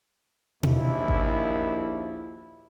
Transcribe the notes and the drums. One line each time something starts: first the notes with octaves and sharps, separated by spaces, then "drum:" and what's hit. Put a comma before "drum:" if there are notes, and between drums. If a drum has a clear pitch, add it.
A#1 D#2 E4, drum: tom B2
drum: kick G#1